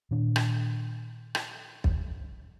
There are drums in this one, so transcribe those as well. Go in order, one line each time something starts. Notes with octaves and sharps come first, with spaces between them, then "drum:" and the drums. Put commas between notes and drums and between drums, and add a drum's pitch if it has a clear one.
A#2 D#3 D4
drum: rim click
drum: rim click
drum: kick